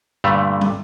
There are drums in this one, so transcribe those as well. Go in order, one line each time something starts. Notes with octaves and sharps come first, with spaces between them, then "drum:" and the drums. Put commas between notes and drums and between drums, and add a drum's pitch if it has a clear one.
G2 A#2 D3 G3 A3
drum: tom